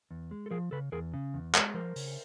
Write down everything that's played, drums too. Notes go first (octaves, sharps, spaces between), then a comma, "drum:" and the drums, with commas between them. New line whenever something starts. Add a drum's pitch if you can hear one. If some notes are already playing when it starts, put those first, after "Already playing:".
E2
G#3
A4
F3 G#4 A#4
C#3 A4 B4
E2 G#4 A#4
C#3
E2
G#3, drum: clap
F3 A#4 C5
C#3, drum: open hi-hat